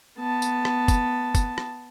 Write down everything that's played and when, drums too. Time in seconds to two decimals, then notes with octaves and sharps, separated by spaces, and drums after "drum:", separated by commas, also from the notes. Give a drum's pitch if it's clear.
0.19 B3 A5
0.42 drum: tambourine
0.65 drum: rim click
0.88 drum: kick, tambourine
1.35 drum: kick, tambourine
1.58 drum: rim click